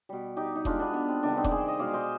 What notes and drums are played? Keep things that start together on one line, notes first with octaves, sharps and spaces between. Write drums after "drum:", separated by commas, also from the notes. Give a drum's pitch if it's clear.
B2 G3
D#4 G4
D#4
B2 G#3 D4 F4, drum: kick E1
B3 D4
B3
C4
C3 D#3 G3 B3 D4
C4 D#4
D5, drum: kick E1
G#4 C5
D#5
B2 G#3 D5 F5
C5 D#5